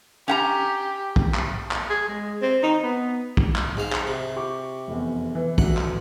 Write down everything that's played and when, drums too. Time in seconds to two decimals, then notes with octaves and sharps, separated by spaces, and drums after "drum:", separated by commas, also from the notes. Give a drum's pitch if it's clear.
0.28 C#4 G4 F#5 A#5
1.16 drum: kick
1.35 drum: clap
1.71 drum: clap
1.90 G#4
2.08 G#3
2.42 C4
2.63 D#4
2.83 B3
3.37 drum: kick
3.56 drum: clap
3.77 G#2 G#3 F5
3.93 drum: clap
4.07 C3
4.36 G4 C#6 D6
4.88 F1 E2
5.35 E3
5.58 D2 F#5, drum: kick
5.77 drum: clap